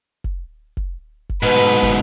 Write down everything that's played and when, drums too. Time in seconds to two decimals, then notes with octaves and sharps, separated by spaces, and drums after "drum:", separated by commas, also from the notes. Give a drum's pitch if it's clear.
0.24 drum: kick
0.77 drum: kick
1.29 drum: kick
1.43 G#2 B2 B4
1.82 drum: kick